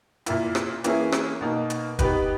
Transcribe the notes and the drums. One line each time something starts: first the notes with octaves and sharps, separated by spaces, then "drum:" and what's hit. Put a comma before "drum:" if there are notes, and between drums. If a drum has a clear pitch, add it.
A#2 A#3 E4, drum: hi-hat
drum: rim click
E3 A#3 C#4 E4 G#4, drum: hi-hat
drum: rim click
B2 A#3 D#4
drum: hi-hat
B3 D#4 G4 B4, drum: kick, hi-hat